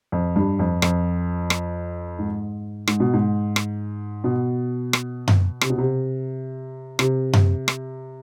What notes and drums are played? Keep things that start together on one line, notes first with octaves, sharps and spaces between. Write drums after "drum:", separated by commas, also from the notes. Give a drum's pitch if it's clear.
F2
G2
F2
F2, drum: rim click
drum: rim click
G#2
G#2, drum: rim click
B2
G#2
drum: rim click
B2
drum: rim click
drum: tom F#2
C3, drum: rim click
B2
C3
C3, drum: rim click
drum: tom F#2
drum: rim click